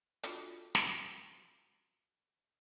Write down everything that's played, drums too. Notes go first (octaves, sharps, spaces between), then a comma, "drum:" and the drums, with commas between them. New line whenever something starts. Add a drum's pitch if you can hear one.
D4 F4 F#4 A4 A5, drum: hi-hat
drum: snare